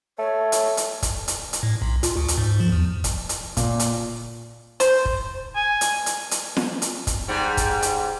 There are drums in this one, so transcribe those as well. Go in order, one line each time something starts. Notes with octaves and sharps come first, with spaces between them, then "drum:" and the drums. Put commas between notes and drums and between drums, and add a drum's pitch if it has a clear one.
A3 C#5
drum: hi-hat
drum: hi-hat
drum: kick, hi-hat
drum: hi-hat
drum: hi-hat
A2
B1
F4, drum: hi-hat
D2
drum: hi-hat
G#2
F3
E2
drum: kick, hi-hat
drum: hi-hat
A#2, drum: kick, hi-hat
drum: hi-hat
C5, drum: hi-hat
drum: kick
G#5
drum: hi-hat
drum: hi-hat
drum: hi-hat
drum: snare
drum: hi-hat
drum: kick, hi-hat
G#2 G3
drum: kick, hi-hat
drum: hi-hat